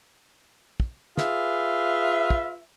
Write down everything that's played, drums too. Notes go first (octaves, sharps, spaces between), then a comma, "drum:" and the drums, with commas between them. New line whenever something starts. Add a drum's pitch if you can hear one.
drum: kick
F4 G#4 B4 E5, drum: snare
drum: kick